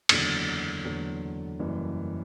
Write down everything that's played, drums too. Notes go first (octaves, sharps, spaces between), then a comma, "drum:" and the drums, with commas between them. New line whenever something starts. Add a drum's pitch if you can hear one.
F#1 E2 D3 F#3, drum: cymbal
F#1 E2 D3 F#3
F#1 F#2 E3 G3